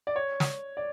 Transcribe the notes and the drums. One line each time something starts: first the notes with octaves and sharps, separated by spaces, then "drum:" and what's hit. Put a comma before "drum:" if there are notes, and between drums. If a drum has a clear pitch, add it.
D5
C#5
drum: snare
D5